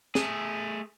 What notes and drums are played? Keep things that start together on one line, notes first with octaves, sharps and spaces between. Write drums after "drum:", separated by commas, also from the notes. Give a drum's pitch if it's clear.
A3 G#4, drum: snare